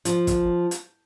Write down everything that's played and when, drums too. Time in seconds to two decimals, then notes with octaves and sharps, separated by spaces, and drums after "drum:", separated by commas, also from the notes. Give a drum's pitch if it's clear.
0.05 F3, drum: hi-hat
0.27 drum: kick, hi-hat
0.71 drum: hi-hat